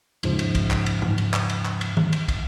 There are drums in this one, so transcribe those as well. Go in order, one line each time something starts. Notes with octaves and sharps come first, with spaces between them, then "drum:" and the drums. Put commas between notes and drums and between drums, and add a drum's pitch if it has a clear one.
D#2 G#2 C#3 F3, drum: cymbal
drum: cymbal
drum: kick, cymbal
drum: clap
drum: cymbal
drum: tom G#2
drum: cymbal
drum: clap
drum: cymbal
drum: clap
drum: cymbal
drum: tom D#3
drum: cymbal
drum: kick, cymbal